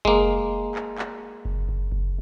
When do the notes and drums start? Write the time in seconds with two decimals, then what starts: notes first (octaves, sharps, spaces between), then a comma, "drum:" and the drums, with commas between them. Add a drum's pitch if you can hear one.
0.05 G#3 A#3, drum: kick F#1
0.75 drum: clap
0.98 drum: clap
1.45 drum: kick F#1
1.68 drum: kick F#1
1.92 drum: kick F#1